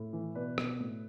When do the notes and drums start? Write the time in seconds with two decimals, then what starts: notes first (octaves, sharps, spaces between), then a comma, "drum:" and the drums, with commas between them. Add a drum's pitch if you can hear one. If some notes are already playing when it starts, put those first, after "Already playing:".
Already playing: A2
0.13 E3
0.35 B2 B4 D5
0.58 B2, drum: rim click
0.80 A2